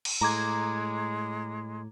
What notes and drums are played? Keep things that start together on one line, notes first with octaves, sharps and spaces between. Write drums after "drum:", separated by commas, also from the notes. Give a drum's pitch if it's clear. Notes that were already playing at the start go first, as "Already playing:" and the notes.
drum: cymbal
A2 G#3 A#5 D6 G#6